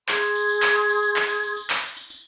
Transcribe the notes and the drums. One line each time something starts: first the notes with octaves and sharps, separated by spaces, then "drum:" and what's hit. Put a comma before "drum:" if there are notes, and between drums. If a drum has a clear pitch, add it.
G#4 C6 D#6 G#6, drum: clap
drum: tambourine
drum: tambourine
drum: tambourine
drum: clap
drum: tambourine
drum: tambourine
drum: tambourine
drum: clap
drum: tambourine
drum: tambourine
drum: tambourine
drum: clap
drum: tambourine
drum: tambourine
drum: tambourine